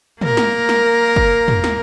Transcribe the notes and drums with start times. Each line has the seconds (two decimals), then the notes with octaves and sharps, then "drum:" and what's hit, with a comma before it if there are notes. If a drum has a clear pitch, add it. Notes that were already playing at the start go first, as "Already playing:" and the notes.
0.21 A#3 A#4, drum: tom
0.37 drum: snare
0.69 drum: snare
1.16 drum: kick
1.48 drum: tom
1.64 drum: snare